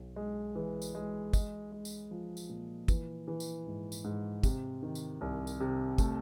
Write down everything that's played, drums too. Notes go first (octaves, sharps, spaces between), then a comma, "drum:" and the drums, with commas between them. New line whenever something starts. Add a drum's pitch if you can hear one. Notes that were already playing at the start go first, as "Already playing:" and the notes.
Already playing: B1
G#3
E3
drum: tambourine
G#3
G#3, drum: kick, tambourine
G#3
drum: tambourine
F3
drum: tambourine
A#2
E3, drum: kick, tambourine
E3
drum: tambourine
G#2
drum: tambourine
G#2
C3, drum: kick, tambourine
D#3
drum: tambourine
C2
drum: tambourine
C3
A3, drum: kick, tambourine